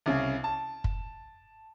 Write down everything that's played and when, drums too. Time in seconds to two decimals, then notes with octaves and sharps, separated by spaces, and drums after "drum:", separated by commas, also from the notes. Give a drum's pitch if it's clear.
0.06 C2 C#3
0.44 A5
0.84 drum: kick